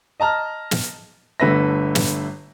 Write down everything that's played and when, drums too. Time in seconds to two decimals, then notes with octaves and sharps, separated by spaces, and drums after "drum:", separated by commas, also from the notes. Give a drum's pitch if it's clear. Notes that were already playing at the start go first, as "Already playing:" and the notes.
0.20 D#5 A5 A#5 F6
0.71 drum: snare
1.40 G1 D3 A3 B4 E5 A#6
1.95 drum: snare